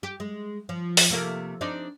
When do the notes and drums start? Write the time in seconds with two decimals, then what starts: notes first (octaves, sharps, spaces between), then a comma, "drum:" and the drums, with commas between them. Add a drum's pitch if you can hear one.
0.03 G4
0.20 G#3
0.69 F3
0.97 drum: open hi-hat
1.10 C3 A3 A#3
1.61 C4 D4 D#4